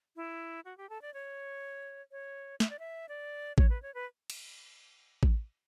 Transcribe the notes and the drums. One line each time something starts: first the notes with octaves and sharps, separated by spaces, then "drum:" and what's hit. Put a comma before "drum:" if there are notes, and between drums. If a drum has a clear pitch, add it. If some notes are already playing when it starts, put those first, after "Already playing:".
E4
F#4
G4
A4
D5
C#5
C#5
E5, drum: snare
D5
E5
D5
C#5, drum: kick A1
B4
C#5
B4
drum: cymbal
drum: kick A1